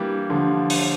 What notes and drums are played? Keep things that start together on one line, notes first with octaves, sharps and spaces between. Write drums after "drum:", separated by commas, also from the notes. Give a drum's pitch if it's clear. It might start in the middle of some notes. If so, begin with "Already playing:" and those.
Already playing: E3 G3 A#3 D4
D3 F3
drum: open hi-hat